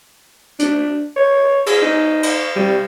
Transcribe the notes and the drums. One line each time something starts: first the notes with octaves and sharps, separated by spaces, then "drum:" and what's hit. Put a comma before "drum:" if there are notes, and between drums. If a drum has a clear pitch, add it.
D4, drum: hi-hat
C#5
G#4, drum: cymbal
D#4
drum: cymbal
G3